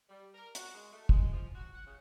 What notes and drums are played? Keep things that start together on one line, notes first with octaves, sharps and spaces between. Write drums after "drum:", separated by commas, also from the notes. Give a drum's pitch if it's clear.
G3
A#4
F#4, drum: hi-hat
G#3
A3
G#3, drum: kick
F3
F#4
F#5
C#3